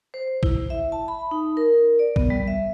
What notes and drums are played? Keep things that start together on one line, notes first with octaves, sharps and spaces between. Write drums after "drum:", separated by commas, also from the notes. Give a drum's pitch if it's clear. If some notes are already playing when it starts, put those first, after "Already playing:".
C5
E4, drum: kick
E5
A5
B5
D#4
A#4
D5
B3, drum: kick
G3
E5